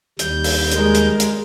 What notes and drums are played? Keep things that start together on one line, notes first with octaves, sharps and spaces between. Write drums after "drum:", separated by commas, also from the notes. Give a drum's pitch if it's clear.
D#2 G3 G6, drum: hi-hat
drum: open hi-hat
G#3 A#4, drum: hi-hat
drum: hi-hat
drum: hi-hat